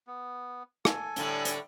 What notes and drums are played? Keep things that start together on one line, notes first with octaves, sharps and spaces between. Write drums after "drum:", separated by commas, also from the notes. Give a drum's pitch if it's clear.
B3
A4 G#5, drum: rim click
A2 D3 G3, drum: hi-hat
drum: hi-hat